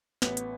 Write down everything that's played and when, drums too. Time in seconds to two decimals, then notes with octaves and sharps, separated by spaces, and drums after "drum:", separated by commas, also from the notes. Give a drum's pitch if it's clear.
0.22 A1 B3, drum: snare
0.37 drum: hi-hat